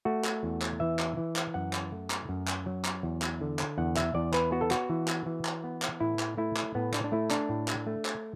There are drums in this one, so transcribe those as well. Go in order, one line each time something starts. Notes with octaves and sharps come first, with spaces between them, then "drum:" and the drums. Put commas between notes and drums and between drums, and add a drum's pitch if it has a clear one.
A3 F#4
drum: clap
E2
drum: clap
E3 E5
drum: clap
E3
drum: clap
F#2 F#5
drum: clap
A3
drum: clap
F#2
drum: clap
F#3
drum: clap
E2
drum: clap
D3
drum: clap
E2 F#5
E5, drum: clap
E2 D5
B4, drum: clap
B3 F#4
A4
F#4, drum: clap
E3
drum: clap
E3
drum: clap
B3
drum: clap
A2 E4
drum: clap
A3 E4
drum: clap
A2 B3
D4, drum: clap
D4
A3 E4
D4, drum: clap
A2
drum: clap
A3
drum: clap